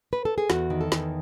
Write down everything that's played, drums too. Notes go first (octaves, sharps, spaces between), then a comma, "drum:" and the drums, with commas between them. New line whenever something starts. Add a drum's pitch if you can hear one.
B4
A4
G#4
E2 F#4, drum: snare
D#3
A4
E2, drum: snare